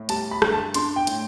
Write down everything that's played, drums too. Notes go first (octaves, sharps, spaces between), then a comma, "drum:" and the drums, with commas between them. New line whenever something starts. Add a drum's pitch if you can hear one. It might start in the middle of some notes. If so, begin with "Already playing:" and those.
Already playing: A2
G3 A5, drum: hi-hat
B5
G2, drum: rim click
A5
D4 C6, drum: hi-hat
G5
A2, drum: hi-hat